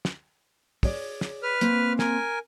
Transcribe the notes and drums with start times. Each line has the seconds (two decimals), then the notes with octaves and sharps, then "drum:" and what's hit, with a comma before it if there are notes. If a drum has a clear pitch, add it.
0.05 drum: snare
0.83 G#4 C#5 D5, drum: kick, open hi-hat
1.21 drum: snare
1.43 B4 F6
1.61 A#3 C4, drum: hi-hat
1.99 A#4 G#5, drum: snare